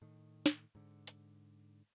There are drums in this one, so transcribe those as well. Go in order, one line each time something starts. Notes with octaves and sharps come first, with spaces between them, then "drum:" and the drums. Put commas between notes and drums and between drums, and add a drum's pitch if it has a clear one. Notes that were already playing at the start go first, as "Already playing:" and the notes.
A2 D#3
drum: snare
G#2 D3
drum: hi-hat